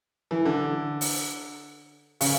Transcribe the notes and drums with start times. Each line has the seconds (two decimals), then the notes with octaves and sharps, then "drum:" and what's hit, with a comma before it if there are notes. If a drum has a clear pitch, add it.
0.31 E3
0.45 D3
1.01 drum: open hi-hat
2.21 C#3, drum: open hi-hat